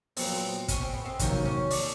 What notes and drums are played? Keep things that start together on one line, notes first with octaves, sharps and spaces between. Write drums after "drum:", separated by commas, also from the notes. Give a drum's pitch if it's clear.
A#2 F#3 B3 C4, drum: open hi-hat
C#4, drum: kick, hi-hat
C4
B3
C4
E2 C3 D#3 F#3 A#3 C#4, drum: kick, hi-hat
C#4
D4, drum: open hi-hat